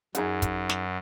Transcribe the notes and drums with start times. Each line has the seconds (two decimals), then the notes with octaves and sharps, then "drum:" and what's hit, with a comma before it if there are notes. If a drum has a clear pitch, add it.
0.15 F#2 D#4 G#4 F#5, drum: hi-hat
0.42 drum: kick, hi-hat
0.70 drum: snare